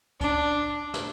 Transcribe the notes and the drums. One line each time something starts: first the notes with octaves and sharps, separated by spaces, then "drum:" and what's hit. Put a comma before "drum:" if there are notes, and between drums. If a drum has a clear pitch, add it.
D4, drum: kick C#2, hi-hat
drum: snare